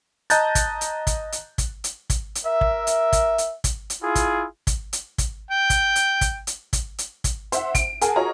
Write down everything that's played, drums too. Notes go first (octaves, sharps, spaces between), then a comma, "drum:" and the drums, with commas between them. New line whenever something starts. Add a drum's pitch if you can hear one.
D#5 A5 A#5 F#6 G6 A6, drum: hi-hat
drum: kick, hi-hat
drum: hi-hat
drum: kick, hi-hat
drum: hi-hat
drum: kick, hi-hat
drum: hi-hat
drum: kick, hi-hat
drum: hi-hat
A#4 E5
drum: kick
drum: hi-hat
drum: kick, hi-hat
drum: hi-hat
drum: kick, hi-hat
drum: hi-hat
E4 F4 G#4
drum: kick, hi-hat
drum: kick, hi-hat
drum: hi-hat
drum: kick, hi-hat
G5
drum: kick, hi-hat
drum: hi-hat
drum: kick, hi-hat
drum: hi-hat
drum: kick, hi-hat
drum: hi-hat
drum: kick, hi-hat
C5 E5 F#5, drum: hi-hat
D7, drum: kick, hi-hat
G#4 A#4 F#5 G#5 A5, drum: hi-hat
F4 F#4 C#5 D#5 A#5